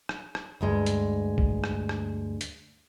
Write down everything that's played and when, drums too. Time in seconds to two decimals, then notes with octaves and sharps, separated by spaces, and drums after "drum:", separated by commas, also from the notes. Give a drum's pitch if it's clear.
0.09 drum: rim click
0.35 drum: rim click
0.61 D2 G2 G#3
0.86 drum: hi-hat
1.38 drum: kick
1.64 drum: rim click
1.89 drum: rim click
2.41 drum: hi-hat